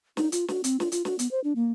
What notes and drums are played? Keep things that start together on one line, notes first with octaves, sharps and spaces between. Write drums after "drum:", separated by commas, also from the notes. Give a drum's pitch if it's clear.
D#4, drum: snare
F4, drum: hi-hat
F#4, drum: snare
C4, drum: hi-hat
F4, drum: snare
F4, drum: hi-hat
F#4, drum: snare
B3, drum: hi-hat
C5
D4
A#3